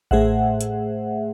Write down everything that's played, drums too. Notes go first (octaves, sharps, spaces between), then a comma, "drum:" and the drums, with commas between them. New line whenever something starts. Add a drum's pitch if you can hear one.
A2 A3 G#4 C5 E5 F#5, drum: kick A1
drum: hi-hat